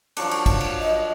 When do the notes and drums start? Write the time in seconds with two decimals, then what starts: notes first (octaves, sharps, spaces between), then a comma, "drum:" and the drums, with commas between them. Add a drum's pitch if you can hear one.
0.17 F3 F#3 D4, drum: cymbal
0.31 drum: cymbal
0.46 drum: kick, cymbal
0.61 drum: cymbal
0.79 D#5